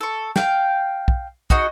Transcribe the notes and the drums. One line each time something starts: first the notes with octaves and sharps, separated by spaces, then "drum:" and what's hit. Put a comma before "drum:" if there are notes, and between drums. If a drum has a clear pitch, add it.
A4 C#6
F5 G5, drum: snare
drum: kick
D#4 F#4 G#4 D#5, drum: kick